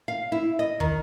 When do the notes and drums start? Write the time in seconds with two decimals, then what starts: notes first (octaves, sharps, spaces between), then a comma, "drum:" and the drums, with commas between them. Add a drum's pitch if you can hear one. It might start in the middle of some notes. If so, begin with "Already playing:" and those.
0.08 F5
0.32 E4
0.59 D#5
0.80 D#3, drum: kick